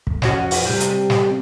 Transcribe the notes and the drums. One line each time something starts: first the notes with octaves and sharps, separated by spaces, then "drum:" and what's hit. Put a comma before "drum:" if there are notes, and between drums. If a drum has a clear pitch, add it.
drum: kick
F2 C#4 F#4, drum: snare
drum: open hi-hat
C3 G3
drum: hi-hat
drum: snare